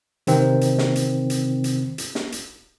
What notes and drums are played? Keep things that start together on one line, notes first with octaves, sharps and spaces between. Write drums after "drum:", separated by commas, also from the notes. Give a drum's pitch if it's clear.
C3 D#3 C4, drum: hi-hat
drum: hi-hat
drum: snare
drum: hi-hat
drum: hi-hat
drum: hi-hat
drum: hi-hat
drum: snare
drum: hi-hat